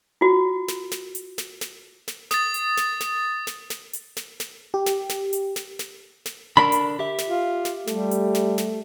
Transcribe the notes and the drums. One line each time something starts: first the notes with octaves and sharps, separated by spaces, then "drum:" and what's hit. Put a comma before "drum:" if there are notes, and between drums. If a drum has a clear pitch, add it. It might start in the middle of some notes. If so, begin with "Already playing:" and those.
F4 F#4
drum: snare
drum: snare
drum: hi-hat
drum: snare
drum: snare
drum: snare
D#6 A6, drum: snare
drum: hi-hat
drum: snare
drum: snare
drum: snare
drum: snare
drum: hi-hat
drum: snare
drum: snare
G4
drum: snare
drum: snare
drum: hi-hat
drum: snare
drum: snare
drum: snare
D3 D4 A#4 B5
drum: hi-hat
G4 E5
drum: snare
F4
drum: snare
G3 A3, drum: snare
drum: hi-hat
drum: snare
drum: snare